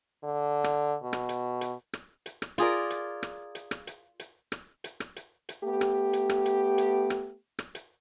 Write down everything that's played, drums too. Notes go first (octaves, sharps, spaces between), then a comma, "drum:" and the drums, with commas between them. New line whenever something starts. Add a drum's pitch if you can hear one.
D3
drum: rim click
B2
drum: rim click
drum: hi-hat
drum: hi-hat
drum: rim click
drum: hi-hat
drum: rim click
F4 G#4 A#4 D5, drum: hi-hat
drum: hi-hat
drum: rim click
drum: hi-hat
drum: rim click
drum: hi-hat
drum: hi-hat
drum: rim click
drum: hi-hat
drum: rim click
drum: hi-hat
drum: hi-hat
A3 B3 G4
drum: rim click
drum: hi-hat
drum: rim click
drum: hi-hat
drum: hi-hat
drum: rim click
drum: rim click
drum: hi-hat